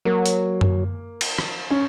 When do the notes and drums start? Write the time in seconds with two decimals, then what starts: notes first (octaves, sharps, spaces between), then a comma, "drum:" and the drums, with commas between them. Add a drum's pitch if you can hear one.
0.05 F#3 A#3
0.26 drum: hi-hat
0.61 drum: tom F#2
1.21 drum: cymbal
1.38 drum: rim click
1.70 C#4